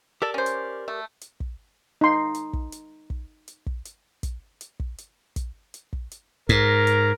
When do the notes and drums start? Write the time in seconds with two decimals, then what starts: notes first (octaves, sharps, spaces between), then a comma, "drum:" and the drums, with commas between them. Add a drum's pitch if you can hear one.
0.22 G4 A4 A#4 D5
0.34 C#4 C5
0.46 drum: hi-hat
0.88 A3
1.21 drum: hi-hat
1.40 drum: kick
2.01 D#4 C6
2.35 drum: hi-hat
2.53 drum: kick
2.72 drum: hi-hat
3.10 drum: kick
3.48 drum: hi-hat
3.66 drum: kick
3.85 drum: hi-hat
4.23 drum: kick, hi-hat
4.61 drum: hi-hat
4.80 drum: kick
4.98 drum: hi-hat
5.36 drum: kick, hi-hat
5.74 drum: hi-hat
5.93 drum: kick
6.11 drum: hi-hat
6.49 G#2 A#4, drum: kick, hi-hat
6.87 drum: hi-hat